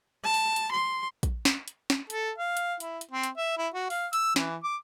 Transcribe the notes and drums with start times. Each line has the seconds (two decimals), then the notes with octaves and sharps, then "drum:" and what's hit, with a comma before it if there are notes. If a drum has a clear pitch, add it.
0.24 A5
0.34 drum: open hi-hat
0.56 drum: hi-hat
0.71 C6
1.23 drum: kick, hi-hat
1.45 drum: snare
1.68 drum: hi-hat
1.90 drum: snare
2.10 A4, drum: hi-hat
2.38 F5
2.57 drum: hi-hat
2.80 E4, drum: hi-hat
3.01 drum: hi-hat
3.12 C4
3.23 drum: hi-hat
3.37 E5
3.58 E4
3.74 F#4
3.90 F5, drum: open hi-hat
4.13 E6, drum: hi-hat
4.36 E3, drum: snare
4.64 D6